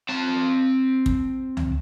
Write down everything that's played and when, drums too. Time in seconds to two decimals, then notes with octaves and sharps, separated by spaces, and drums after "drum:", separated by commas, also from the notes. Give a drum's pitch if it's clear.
0.09 C4 A5
1.06 drum: kick
1.57 drum: tom C#2